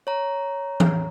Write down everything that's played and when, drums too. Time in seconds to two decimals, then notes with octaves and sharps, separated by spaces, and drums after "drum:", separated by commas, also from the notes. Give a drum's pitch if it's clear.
0.07 C#5 A#5
0.80 drum: tom E3